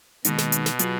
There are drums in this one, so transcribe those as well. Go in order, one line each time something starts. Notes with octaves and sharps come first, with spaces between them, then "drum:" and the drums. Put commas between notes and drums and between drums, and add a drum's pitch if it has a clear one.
D#2 B2 D#3 G#3 B3 D#4, drum: hi-hat
drum: snare
drum: hi-hat
drum: snare
F#3 B3 F4 G#4 B4, drum: hi-hat